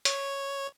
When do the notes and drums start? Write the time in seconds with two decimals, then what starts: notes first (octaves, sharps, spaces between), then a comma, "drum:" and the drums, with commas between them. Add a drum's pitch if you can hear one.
0.05 C#5, drum: hi-hat